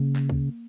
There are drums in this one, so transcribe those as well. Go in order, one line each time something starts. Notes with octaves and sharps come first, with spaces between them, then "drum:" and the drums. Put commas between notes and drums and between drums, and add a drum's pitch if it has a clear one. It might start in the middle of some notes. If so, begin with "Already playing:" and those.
Already playing: C#3 A#3
drum: clap
drum: kick C#2